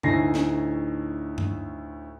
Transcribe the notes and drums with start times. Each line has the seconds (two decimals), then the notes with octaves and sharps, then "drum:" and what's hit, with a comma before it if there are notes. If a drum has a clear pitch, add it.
0.03 D2 A2 D#4 G#5 A#6 C7, drum: tom G2
0.34 drum: snare
1.38 drum: tom G2